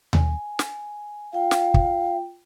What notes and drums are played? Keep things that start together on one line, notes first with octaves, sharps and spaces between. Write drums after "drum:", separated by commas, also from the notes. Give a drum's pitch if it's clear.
G#5, drum: tom D#2
drum: snare
F4 F5 G5
drum: snare
drum: kick